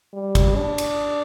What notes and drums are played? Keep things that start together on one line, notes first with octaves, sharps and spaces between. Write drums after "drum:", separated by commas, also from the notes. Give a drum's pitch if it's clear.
G3
drum: kick, cymbal
D4
drum: cymbal